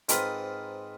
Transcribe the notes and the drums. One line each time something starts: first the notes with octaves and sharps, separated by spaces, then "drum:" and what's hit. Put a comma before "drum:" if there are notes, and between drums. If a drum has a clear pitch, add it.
G#2 C4 F4 A#4 B4 D#6, drum: hi-hat